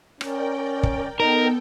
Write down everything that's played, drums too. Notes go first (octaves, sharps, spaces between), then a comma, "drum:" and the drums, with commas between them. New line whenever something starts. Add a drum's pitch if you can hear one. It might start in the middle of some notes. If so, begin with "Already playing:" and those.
C#4 A#4 D5 G5, drum: rim click
drum: kick
B3 D#4 A4 A#4 G5